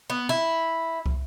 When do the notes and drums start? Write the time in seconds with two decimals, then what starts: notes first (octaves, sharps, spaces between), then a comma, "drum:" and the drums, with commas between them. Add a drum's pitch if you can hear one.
0.10 B3
0.29 E4
1.06 drum: kick